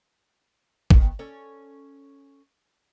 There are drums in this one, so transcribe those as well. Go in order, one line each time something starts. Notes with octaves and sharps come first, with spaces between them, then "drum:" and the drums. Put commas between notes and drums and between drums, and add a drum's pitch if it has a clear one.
A#2 D#3 B3, drum: kick
C#4 A4 D5